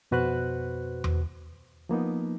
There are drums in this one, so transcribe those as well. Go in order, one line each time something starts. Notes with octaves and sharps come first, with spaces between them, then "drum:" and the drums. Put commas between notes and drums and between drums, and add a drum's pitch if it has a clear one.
F2 B2 F#4 B4 C5 F#6
drum: tom E2
F3 A#3 B3 D#4